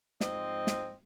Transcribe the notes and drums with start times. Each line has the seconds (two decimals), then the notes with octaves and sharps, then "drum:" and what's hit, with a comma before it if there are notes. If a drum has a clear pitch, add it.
0.21 G#2 F3 C4 D#5, drum: snare
0.67 drum: snare